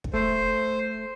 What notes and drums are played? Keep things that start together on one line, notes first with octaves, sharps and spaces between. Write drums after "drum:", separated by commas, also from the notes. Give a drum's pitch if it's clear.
drum: kick
A3 C5